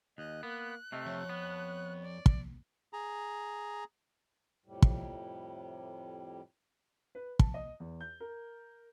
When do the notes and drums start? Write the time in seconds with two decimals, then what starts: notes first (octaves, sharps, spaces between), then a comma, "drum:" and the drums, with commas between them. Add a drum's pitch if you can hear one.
0.18 D#2 D#5 F#6
0.43 A#3 B3
0.92 C3 A3 D#5
1.06 F2 C#5
1.29 B3
2.02 D5
2.26 drum: kick
2.93 G#4 A#5
4.66 F2 A2 C3 G3
4.82 drum: kick
7.15 B4
7.39 A5, drum: kick
7.54 D#5
7.80 E2
8.01 G6
8.20 A#4